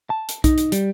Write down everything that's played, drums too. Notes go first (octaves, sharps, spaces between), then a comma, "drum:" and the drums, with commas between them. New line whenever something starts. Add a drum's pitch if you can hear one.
A5
drum: hi-hat
D#4, drum: kick B1, hi-hat
drum: hi-hat
G3, drum: hi-hat